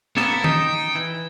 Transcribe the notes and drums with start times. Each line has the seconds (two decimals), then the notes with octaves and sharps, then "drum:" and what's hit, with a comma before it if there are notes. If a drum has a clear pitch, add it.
0.17 A#3 B3 E4 A4, drum: snare
0.44 D#4 G5, drum: tom D#3
0.95 E3